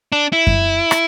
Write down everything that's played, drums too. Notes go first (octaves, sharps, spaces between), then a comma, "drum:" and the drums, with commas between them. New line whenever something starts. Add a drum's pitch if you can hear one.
D4
E4
drum: kick F#2
drum: rim click